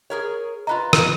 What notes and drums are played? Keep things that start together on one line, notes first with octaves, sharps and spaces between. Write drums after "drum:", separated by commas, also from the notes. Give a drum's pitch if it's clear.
G#4 A#4 C#5
F4 B4 D#5 A#5 B5
drum: rim click